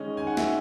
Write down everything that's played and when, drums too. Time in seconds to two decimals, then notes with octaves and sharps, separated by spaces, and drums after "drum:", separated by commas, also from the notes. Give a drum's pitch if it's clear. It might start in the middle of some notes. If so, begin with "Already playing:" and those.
Already playing: D#3 G#3 C#4 D#5
0.17 D#3 G#5
0.27 F#5
0.37 E5, drum: snare